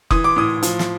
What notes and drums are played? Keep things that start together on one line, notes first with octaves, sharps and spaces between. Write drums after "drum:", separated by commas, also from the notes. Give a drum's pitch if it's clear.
E3 D#6, drum: kick F1
D6
A2 D#6
F3, drum: hi-hat
drum: snare